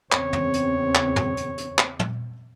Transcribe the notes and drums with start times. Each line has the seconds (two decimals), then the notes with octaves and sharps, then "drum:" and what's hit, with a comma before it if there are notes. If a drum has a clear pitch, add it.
0.12 E2 C#3 C4 C#5, drum: clap
0.33 drum: tom
0.54 drum: hi-hat
0.95 drum: clap
1.16 drum: tom
1.37 drum: hi-hat
1.58 drum: hi-hat
1.78 drum: clap
1.99 drum: tom